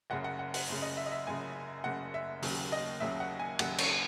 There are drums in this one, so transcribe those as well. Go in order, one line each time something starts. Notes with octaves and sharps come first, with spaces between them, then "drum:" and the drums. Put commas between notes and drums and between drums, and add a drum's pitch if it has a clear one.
F#1 F#2 C#3 F#5
F#5
F#5
F#5, drum: open hi-hat
F#1 F#2 C#3
D#5
E5
D#5
E5
F#1 F#2 C#3 G#5
F#1 F#2 C#3 F#5
E5
D#2 C#3 F#3, drum: open hi-hat
D#5
D#2 C#3 F#3 E5
F#5
G#5
D#2 C#3 F#3 F#5, drum: cymbal
C#5, drum: cymbal